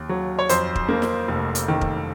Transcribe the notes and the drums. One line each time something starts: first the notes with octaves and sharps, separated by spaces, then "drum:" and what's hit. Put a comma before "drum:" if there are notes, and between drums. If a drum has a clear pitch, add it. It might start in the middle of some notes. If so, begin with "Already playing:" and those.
Already playing: D#2
F#3
C#5
F2 C5, drum: hi-hat
drum: kick
A#3
drum: snare
F1
drum: hi-hat
D#3
drum: kick